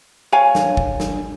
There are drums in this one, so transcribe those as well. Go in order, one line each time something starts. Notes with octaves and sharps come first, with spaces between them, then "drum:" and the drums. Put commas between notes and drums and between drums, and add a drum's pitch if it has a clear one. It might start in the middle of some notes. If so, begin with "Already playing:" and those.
C#5 F5 G#5
drum: snare
drum: kick
drum: snare